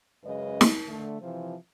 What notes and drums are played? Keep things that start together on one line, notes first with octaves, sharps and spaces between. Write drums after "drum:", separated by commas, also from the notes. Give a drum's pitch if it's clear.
F#2 C#3 G#3 B4 D#5
drum: snare
D3 A3
C3 E3 F3